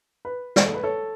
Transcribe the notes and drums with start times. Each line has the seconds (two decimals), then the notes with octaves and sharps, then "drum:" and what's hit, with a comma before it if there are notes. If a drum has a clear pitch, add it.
0.25 B4
0.56 drum: snare
0.66 A4
0.75 B4
0.83 A4 C#5